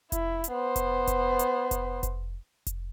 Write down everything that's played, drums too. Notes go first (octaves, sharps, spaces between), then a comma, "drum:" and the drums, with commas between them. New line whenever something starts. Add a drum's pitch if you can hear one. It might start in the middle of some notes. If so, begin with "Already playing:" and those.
E4, drum: kick F1, hi-hat
drum: hi-hat
B3 C5
drum: kick F1, hi-hat
drum: kick F1, hi-hat
drum: hi-hat
drum: kick F1, hi-hat
drum: kick F1, hi-hat
drum: kick F1, hi-hat